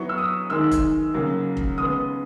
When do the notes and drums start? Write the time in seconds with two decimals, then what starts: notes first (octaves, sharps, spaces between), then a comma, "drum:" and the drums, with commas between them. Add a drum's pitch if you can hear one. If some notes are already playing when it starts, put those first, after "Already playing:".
Already playing: F#3 B3 E4 C#6
0.09 E6
0.18 D#6
0.50 D#3 G#3 D#4 E6
0.71 drum: kick F1, hi-hat
1.14 C#3 F#3 A#3
1.57 drum: kick F1
1.78 C#3 G#3 B3 D#6